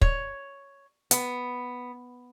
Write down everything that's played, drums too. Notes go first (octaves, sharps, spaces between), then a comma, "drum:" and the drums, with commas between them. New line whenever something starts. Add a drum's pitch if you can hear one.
C#5, drum: kick
B3, drum: hi-hat